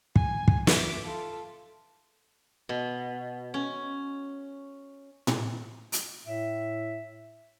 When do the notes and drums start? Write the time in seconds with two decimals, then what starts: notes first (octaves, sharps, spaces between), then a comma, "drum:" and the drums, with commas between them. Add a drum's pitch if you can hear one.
0.16 G#5, drum: kick
0.48 drum: kick
0.67 E5 D6, drum: snare
1.05 F4 A4
2.69 B2
3.54 C#4
5.27 drum: tom A2
5.92 drum: hi-hat
6.27 A2 E5